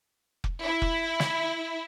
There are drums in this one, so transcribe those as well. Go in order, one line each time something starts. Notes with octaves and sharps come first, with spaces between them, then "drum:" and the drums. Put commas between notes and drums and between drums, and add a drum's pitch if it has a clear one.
drum: kick F1
E4
drum: kick F1
drum: snare